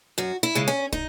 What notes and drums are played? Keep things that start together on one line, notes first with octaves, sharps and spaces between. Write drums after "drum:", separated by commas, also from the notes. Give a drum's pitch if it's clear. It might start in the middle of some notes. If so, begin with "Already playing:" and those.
F#2 F#4
E4
C#3 G#3
C#4
D#4, drum: kick